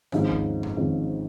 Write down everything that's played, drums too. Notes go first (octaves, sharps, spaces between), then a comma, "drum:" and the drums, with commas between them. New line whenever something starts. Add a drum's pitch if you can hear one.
G#1 G#2 F3 C#4, drum: rim click
drum: kick D#2
drum: tom F#2
G#1 G#2 F3 C#4